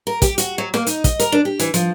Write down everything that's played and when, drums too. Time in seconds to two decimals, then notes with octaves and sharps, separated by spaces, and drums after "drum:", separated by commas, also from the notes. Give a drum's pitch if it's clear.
0.07 A#4
0.22 G4, drum: kick, hi-hat
0.38 F#4, drum: hi-hat
0.58 F#3
0.74 A#3, drum: snare
0.87 D#4, drum: hi-hat
1.04 D#5, drum: kick, hi-hat
1.20 A#4, drum: hi-hat
1.32 D4
1.45 G4
1.60 E3, drum: hi-hat
1.74 F3, drum: hi-hat